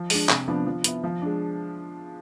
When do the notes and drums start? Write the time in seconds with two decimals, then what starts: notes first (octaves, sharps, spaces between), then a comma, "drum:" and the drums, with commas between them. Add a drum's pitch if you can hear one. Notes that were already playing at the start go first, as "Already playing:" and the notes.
Already playing: F3
0.10 G#3 D4, drum: open hi-hat
0.29 C3, drum: clap
0.48 F3 B3 D4
0.66 F3
0.84 B3 E4, drum: hi-hat
1.04 F3
1.22 G#3 D4